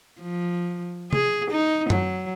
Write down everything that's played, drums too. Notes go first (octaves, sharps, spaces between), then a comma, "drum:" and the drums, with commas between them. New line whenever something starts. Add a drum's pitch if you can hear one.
F3
G#4, drum: tom C3
D#4
F#3, drum: tom F#2